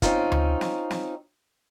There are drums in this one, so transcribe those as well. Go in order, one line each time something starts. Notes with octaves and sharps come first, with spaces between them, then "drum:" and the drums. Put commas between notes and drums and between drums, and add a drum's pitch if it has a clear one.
C4 C#4 D#4 F4, drum: kick, hi-hat
drum: tom D2
drum: snare
drum: snare